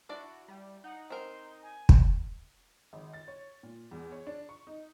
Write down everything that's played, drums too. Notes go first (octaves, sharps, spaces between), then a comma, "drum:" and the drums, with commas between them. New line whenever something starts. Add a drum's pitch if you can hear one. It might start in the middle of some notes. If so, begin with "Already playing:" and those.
D4 E4 F#4 D5
G3
D#4 F#5
C4 A#4 C6
G#5
drum: kick
G#1
A6
C#5
A#2
E2
C#5
D4
C#6
D#4